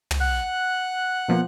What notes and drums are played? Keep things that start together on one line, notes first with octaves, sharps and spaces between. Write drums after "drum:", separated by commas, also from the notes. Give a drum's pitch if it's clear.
drum: tom
F#5 F#6
B2 F3 A#3